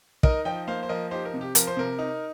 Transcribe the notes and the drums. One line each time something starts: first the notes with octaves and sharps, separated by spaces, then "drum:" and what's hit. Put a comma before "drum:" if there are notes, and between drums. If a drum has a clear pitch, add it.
D#4 A#4 D#5, drum: kick
F3 D#5 G5
A#3 C5 F5
C5
F3 A#4 D#5
D#4 G4 C5
A#4
C3
G4
F3 A#4, drum: hi-hat
C5
C3 A#4
D#4